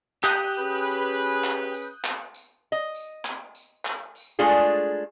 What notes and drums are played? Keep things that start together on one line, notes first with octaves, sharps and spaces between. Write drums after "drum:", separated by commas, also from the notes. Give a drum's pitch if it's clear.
G4 D#6 F#6 G6, drum: clap
C#4 G#4 B4
drum: tambourine
drum: tambourine
drum: clap
drum: tambourine
drum: clap
drum: tambourine
D#5
drum: tambourine
drum: clap
drum: tambourine
drum: clap
drum: tambourine
G#3 A3 D4 F4 G#4